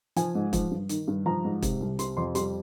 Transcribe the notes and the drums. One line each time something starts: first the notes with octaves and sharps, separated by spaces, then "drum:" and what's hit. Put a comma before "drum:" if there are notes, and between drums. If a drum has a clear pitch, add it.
F3 G#5, drum: hi-hat
G#2
F3, drum: kick, hi-hat
G2
D#3, drum: hi-hat
G2
F3 A#5
G#2
C3, drum: kick, hi-hat
C2
C3 C6, drum: hi-hat
F2 C6
G3 C6, drum: hi-hat